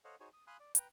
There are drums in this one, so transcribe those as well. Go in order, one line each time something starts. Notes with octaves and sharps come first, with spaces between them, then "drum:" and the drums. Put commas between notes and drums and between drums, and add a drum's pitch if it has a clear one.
A4 C5 C#5 D#5 F5 F#5
D#4 F#4 G#4 C5 C#5 G#5
D#6
F5 G#5 B5 C6 D#6 F#6
D5
B4 G5 A#5, drum: hi-hat